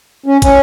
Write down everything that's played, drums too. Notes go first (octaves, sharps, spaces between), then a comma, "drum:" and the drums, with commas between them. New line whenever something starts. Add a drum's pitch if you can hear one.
C#4
C#4, drum: kick, hi-hat